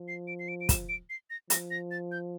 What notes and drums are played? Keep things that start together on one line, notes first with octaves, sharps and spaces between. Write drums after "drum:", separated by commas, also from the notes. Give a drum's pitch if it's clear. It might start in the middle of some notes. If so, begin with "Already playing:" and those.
Already playing: F3
C7
D7
C7
D7
D7
E7, drum: kick, hi-hat
D7
C7
A#6
F3 A#6, drum: hi-hat
A#6
A6
G6